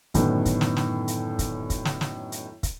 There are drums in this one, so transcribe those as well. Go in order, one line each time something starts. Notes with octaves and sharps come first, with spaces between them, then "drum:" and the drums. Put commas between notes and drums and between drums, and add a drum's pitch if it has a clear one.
F#2 A2 D3 D#3 B3, drum: kick, hi-hat
drum: kick, hi-hat
drum: snare
drum: snare
drum: hi-hat
drum: kick, hi-hat
drum: kick, hi-hat
drum: snare
drum: snare
drum: hi-hat
drum: kick, hi-hat